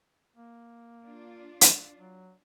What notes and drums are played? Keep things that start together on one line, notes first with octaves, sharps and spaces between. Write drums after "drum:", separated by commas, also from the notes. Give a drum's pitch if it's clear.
A#3
D4 F4
drum: hi-hat
F#3